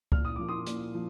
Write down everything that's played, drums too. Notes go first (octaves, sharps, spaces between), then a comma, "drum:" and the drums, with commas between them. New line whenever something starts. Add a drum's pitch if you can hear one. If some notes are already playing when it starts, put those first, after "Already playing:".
A#2 F6, drum: kick
D#6
F3 A#3 D6
C6 D#6
A#2, drum: hi-hat
F3